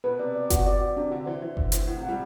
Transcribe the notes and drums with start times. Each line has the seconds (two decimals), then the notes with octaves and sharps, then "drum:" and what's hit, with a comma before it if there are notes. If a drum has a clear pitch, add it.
0.04 B2 B4
0.19 C3 D5
0.35 D5
0.50 F#4, drum: kick F#1, hi-hat
0.66 D5
0.81 F#4
0.96 C3 D4
1.11 D3 F#4
1.26 E3 C5
1.42 E3 C5
1.57 D3 C5, drum: kick F#1
1.72 A2 C5, drum: hi-hat
1.87 A2 F#5
1.97 C3
2.03 F#5
2.09 G3